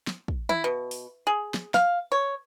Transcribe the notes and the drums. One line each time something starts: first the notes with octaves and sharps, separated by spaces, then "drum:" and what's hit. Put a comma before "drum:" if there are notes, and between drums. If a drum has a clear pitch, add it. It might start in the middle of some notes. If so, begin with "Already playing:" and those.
drum: snare
drum: kick
E4, drum: tom D#3
B2
drum: open hi-hat
G#4
drum: snare
F5, drum: snare
C#5